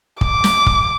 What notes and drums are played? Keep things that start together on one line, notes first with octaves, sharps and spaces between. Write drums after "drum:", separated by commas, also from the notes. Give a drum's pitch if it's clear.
D6, drum: kick
drum: snare
drum: kick